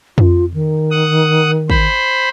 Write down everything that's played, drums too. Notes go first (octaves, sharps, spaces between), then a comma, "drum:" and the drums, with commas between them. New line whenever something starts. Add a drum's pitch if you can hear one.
F4, drum: tom F2
D#3
F#5 D#6
C5 B5, drum: kick